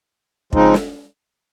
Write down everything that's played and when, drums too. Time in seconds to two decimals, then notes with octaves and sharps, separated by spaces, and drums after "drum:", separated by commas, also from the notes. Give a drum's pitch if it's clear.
0.53 C#3 F3 G#3 C4 D#4, drum: kick
0.74 drum: snare